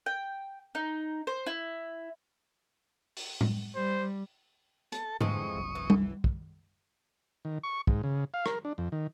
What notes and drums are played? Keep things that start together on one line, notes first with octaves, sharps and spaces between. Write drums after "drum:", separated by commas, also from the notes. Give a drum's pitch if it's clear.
G5
D#4
C5
E4
drum: open hi-hat
drum: tom A2
G3 C5
A4 A5, drum: hi-hat
F2 A2 D3 E3 G#3 C#6 D#6, drum: tom G#2
F#1 C2 F#2
E3
drum: tom G3
drum: kick
D#3
C#6
G#2, drum: kick
C#3
F5
A#4, drum: rim click
D4
F2
D#3